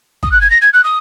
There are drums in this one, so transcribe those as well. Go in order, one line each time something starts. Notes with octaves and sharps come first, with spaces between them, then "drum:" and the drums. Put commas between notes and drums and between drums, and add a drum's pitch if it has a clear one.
D#6, drum: kick
F#6
G#6
A#6
G#6
F#6
D#6